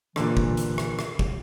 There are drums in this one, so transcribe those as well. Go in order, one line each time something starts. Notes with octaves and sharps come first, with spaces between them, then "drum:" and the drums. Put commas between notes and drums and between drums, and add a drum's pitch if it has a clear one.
A#2 D3 E3, drum: rim click
drum: kick
drum: hi-hat
drum: rim click
drum: rim click
drum: kick